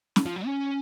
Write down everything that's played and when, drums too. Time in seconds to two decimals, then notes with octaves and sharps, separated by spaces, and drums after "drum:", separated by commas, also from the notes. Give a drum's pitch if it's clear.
0.16 drum: snare
0.26 F3
0.36 F#3
0.46 C#4